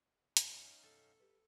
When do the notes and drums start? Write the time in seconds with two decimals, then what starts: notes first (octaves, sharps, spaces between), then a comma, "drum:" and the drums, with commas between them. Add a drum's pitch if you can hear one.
0.37 F#2 E3 C#4 D#4 G#4 F5 G#5, drum: hi-hat
0.83 F#2 B2 A4
1.20 G4 B4